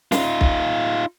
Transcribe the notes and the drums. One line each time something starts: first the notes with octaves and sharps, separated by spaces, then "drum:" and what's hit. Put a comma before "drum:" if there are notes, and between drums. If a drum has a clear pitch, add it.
D#4 F4, drum: snare
drum: kick B1